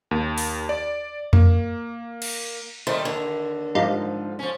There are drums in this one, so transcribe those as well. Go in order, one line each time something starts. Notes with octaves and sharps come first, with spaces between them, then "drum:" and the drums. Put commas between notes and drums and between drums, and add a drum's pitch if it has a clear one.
D#2
drum: open hi-hat
D5
A#3, drum: tom F2
drum: cymbal
D#3 G3 A3 C5
D#2 D3
G#2 F3 G3 D#4 F4
F3 C#4